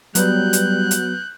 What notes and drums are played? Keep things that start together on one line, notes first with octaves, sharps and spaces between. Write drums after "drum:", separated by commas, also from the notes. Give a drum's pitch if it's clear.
F#3 G3 B3 F#6 G6, drum: hi-hat
drum: hi-hat
drum: hi-hat